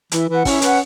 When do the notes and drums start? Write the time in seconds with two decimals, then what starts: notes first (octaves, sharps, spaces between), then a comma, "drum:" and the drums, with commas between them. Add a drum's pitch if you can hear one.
0.12 E3 E4, drum: hi-hat
0.29 E3 B4 F#5
0.45 C#4 E4, drum: kick, open hi-hat
0.62 B4 F#5, drum: hi-hat